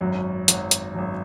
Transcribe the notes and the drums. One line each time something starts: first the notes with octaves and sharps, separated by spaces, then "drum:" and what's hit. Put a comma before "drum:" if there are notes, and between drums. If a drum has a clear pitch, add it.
G#1 F#2 F#3
G#1 F#2 F#3, drum: hi-hat
drum: hi-hat
G#1 F#2 F#3